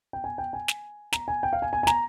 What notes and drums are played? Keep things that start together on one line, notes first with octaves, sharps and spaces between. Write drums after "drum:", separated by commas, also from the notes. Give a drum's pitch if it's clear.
G5
G#5
G5
G#5
drum: snare
A#5, drum: snare
G#5
G5
F5
G#5
G#5
G#5
A#5, drum: snare